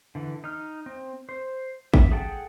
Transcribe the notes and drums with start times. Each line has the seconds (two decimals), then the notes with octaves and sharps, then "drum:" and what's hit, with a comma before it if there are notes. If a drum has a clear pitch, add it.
0.15 D3 E3
0.44 D#4 F6
0.86 C4
1.29 C5
1.94 E5, drum: kick G#1
2.12 G#4 A4 F#5 G5 A5